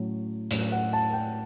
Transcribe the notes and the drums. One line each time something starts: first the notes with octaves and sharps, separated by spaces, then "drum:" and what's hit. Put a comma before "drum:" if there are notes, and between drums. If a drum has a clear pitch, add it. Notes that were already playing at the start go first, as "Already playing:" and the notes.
Already playing: A2 F#3 C#4
A2 F#3 C#4, drum: hi-hat
F#5
A5
G5